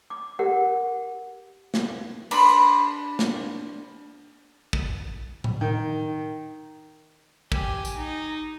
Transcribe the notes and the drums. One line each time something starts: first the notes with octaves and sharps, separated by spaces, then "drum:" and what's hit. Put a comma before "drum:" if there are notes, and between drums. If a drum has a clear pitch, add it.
D6
G4 A#4 F#5
drum: snare
D4 B4 B5 C6, drum: cymbal
drum: hi-hat
drum: snare
drum: kick
drum: tom A2
D#3
G4 G#5, drum: kick
drum: tambourine
D#4